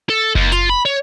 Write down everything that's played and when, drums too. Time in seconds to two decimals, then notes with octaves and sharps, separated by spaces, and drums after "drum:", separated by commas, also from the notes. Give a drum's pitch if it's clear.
0.09 A4
0.35 D#2, drum: kick F#1
0.52 F4, drum: hi-hat
0.69 B5
0.85 C#5